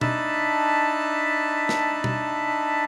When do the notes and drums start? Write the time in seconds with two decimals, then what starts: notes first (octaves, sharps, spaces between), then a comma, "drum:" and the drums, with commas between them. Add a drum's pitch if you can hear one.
0.01 D4 D#4 E5 A5 B5, drum: tom B2
1.69 drum: snare
2.04 drum: tom B2